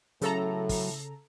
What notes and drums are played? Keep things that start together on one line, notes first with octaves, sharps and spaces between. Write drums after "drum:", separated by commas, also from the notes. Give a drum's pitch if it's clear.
A2 C#3 F#3 A4 A#5, drum: hi-hat
drum: kick, open hi-hat